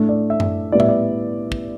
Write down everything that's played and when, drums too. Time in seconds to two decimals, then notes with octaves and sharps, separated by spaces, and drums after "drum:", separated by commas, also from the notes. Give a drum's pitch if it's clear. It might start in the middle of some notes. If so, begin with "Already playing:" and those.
Already playing: A2 A3 D4
0.09 D5
0.30 E5
0.40 drum: tom F#2
0.72 A2 G3 B3 D5
0.80 E5, drum: tom A#2
0.89 D5
1.52 drum: kick